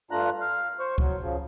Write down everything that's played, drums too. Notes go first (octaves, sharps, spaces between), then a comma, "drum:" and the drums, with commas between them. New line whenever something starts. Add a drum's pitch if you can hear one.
G2 A3 D4 F4 A#5 F#6
F5
C5 C#6
F#3, drum: kick C#2
C#3 F3